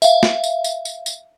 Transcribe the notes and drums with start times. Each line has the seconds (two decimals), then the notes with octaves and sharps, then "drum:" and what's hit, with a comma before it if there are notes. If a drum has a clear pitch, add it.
0.02 E5 F5, drum: tambourine
0.23 drum: snare
0.44 drum: tambourine
0.64 drum: tambourine
0.85 drum: tambourine
1.06 drum: tambourine